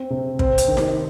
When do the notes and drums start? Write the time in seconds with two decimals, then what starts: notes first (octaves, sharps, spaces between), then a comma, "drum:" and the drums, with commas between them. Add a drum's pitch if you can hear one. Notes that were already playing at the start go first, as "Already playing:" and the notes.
Already playing: C4
0.10 C3
0.39 C4, drum: kick
0.58 drum: hi-hat
0.68 D#3
0.77 drum: snare D#4